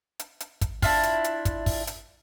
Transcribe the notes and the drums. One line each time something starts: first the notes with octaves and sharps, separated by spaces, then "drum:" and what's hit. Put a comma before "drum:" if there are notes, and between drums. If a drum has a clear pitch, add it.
drum: hi-hat
drum: hi-hat
drum: kick, hi-hat
D4 E4 F4, drum: kick, open hi-hat
drum: hi-hat
drum: hi-hat
drum: kick, hi-hat
drum: kick, open hi-hat
drum: hi-hat